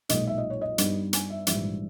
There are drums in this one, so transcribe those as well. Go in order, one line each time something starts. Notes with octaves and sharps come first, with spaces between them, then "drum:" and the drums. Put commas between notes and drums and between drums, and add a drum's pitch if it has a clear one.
B1 A#2 G#3 D#5, drum: hi-hat
E5
D#5
C#5
D#5
G2 G3 B3 D#4, drum: hi-hat
G#5, drum: hi-hat
E5
A#1 G#2 E3 G3 E5, drum: hi-hat